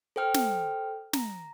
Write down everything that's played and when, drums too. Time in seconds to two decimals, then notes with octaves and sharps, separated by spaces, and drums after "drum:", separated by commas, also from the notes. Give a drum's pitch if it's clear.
0.16 A4 C5 G5 F6
0.34 drum: snare
1.13 A#5, drum: snare